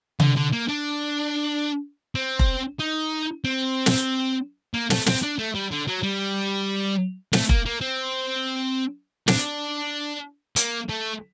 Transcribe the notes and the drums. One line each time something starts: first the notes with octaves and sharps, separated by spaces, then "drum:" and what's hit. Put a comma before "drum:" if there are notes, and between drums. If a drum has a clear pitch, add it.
D3, drum: tom C3
D3
A#3
D4
C4
drum: kick F1
D#4
C4
drum: snare
A#3
A3, drum: snare
C4, drum: snare
D4
A3
G3
D3
F#3
G3
A3, drum: snare
A#3, drum: kick F1
A#3
C4
D4, drum: snare
A#3, drum: hi-hat
A3